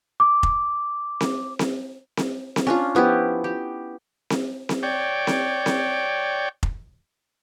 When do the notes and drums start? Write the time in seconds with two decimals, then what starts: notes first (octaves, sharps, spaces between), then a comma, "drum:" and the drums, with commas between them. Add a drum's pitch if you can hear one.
0.20 D6
0.43 drum: kick
1.21 drum: snare C4
1.59 drum: snare C4
2.17 drum: snare C4
2.56 drum: snare C4
2.67 C#4 D4 F4
2.95 F3 B3 E4 G4
3.44 G4
4.30 drum: snare C4
4.69 drum: snare C4
4.83 C#5 D5 G5
5.27 drum: snare C4
5.66 drum: snare C4
6.63 drum: kick